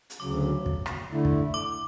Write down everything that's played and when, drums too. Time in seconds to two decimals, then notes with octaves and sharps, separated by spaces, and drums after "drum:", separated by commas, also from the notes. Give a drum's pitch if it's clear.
0.10 drum: hi-hat
0.20 D2 C#3 F#3 D6
0.66 drum: kick
0.86 drum: rim click
1.09 D3 A3 E4
1.25 drum: kick
1.54 D6